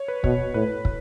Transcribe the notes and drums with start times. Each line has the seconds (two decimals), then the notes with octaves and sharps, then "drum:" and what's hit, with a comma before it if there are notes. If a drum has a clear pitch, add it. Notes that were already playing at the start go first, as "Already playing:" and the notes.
Already playing: C#5
0.08 B4
0.24 B2 C#5, drum: kick
0.54 A2 B4
0.85 drum: kick